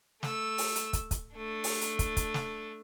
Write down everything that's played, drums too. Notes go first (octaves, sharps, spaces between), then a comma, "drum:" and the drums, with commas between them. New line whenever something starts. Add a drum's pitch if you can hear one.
A3 E6, drum: snare
drum: open hi-hat
drum: hi-hat
drum: kick, hi-hat
drum: kick, hi-hat
A3 D4
drum: open hi-hat
drum: hi-hat
drum: kick, hi-hat
drum: kick, hi-hat
drum: snare